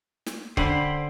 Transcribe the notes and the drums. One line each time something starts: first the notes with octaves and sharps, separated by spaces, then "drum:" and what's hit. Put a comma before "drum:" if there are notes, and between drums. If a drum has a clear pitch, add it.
drum: snare
D3 C5 G5 B5, drum: kick